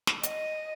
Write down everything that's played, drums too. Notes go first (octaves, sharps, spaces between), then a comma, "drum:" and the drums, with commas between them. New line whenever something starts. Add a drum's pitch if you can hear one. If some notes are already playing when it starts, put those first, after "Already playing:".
drum: snare
D#5, drum: hi-hat